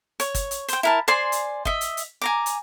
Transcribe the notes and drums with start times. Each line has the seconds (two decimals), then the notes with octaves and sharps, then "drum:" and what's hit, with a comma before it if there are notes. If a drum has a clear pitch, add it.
0.20 C#5, drum: hi-hat
0.35 drum: kick, hi-hat
0.51 drum: hi-hat
0.69 C5 G5, drum: hi-hat
0.83 E4 A#4 A5
1.08 C5 D5 G#5 C6
1.32 drum: hi-hat
1.65 D#5 E5, drum: kick
1.81 drum: hi-hat
1.97 drum: hi-hat
2.22 G#5 A#5 D6
2.46 drum: hi-hat